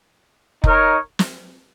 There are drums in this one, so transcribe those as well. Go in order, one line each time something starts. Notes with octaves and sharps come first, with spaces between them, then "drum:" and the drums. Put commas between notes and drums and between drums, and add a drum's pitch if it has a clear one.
D#4 A#4 C#5, drum: kick F1
drum: snare